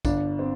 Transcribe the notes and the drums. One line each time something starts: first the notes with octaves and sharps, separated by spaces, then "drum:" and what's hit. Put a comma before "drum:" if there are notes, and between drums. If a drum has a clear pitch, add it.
G1 D4, drum: kick, tambourine
C4